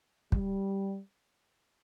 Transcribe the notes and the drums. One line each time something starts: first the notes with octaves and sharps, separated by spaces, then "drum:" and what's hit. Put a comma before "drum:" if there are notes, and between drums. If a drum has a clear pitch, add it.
G3, drum: kick